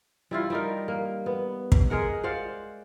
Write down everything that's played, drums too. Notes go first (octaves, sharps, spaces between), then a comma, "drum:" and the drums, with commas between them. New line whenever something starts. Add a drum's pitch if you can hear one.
G3 E4 F4
G3 D#4 A#4
A#3
B3
drum: kick
G#3 G#4 A#4 F#5
C5 D5 F5 F#5